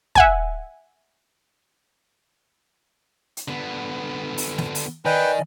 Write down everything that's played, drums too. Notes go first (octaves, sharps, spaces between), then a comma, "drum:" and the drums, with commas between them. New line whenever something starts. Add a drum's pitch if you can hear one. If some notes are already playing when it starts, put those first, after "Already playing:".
E5 F#5 G#5, drum: kick
drum: hi-hat
D3 B3
drum: open hi-hat
drum: snare
drum: open hi-hat
D#3 B4 D5 D#5 G5 G#5